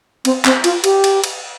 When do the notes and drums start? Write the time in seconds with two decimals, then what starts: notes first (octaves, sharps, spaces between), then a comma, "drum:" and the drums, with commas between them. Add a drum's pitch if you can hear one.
0.25 C4, drum: cymbal
0.45 C4, drum: clap
0.64 F4, drum: cymbal
0.84 G4, drum: cymbal
1.04 drum: cymbal
1.24 drum: cymbal